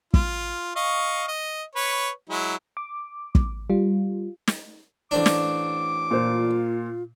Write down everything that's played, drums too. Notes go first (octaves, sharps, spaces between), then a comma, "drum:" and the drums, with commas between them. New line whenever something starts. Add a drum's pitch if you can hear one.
F4, drum: kick
D#5 F5 C#6
D#5
B4 C#5
F#3 G#3 E4
D6
drum: kick
G3 F4
drum: snare
A1 C4 D4 D6
drum: snare
A#2 F4 C5